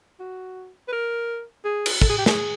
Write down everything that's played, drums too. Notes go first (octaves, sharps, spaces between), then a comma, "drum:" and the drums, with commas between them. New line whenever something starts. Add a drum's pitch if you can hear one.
F#4
B4
A#4
G#4
drum: cymbal
A4, drum: kick
G#4
G4
G#4, drum: snare